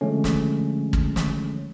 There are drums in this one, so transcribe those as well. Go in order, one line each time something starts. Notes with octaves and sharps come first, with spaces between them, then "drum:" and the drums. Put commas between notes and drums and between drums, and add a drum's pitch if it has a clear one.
D3 F3 G#3 A3 C#4
drum: snare
drum: kick
drum: snare